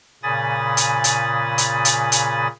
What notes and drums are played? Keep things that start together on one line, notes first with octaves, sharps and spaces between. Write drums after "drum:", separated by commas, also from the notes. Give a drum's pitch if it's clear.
A#2 C#3 G#5 B5 D#6 A6
drum: hi-hat
drum: hi-hat
drum: hi-hat
drum: hi-hat
drum: hi-hat